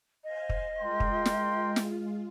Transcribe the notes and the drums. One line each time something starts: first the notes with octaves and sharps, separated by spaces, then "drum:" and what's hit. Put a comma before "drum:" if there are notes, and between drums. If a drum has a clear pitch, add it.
C5 D#5 F5 G#5
drum: kick
G#3 F4 A#4 G5 C6
drum: kick
drum: snare
drum: snare